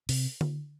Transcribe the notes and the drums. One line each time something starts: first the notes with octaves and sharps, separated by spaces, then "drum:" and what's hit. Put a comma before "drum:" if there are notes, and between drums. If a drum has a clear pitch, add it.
C3, drum: open hi-hat
drum: tom D3